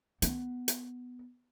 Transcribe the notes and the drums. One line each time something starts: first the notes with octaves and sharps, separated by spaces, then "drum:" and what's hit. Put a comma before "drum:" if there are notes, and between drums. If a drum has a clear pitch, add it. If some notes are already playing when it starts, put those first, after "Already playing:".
B3, drum: hi-hat
drum: hi-hat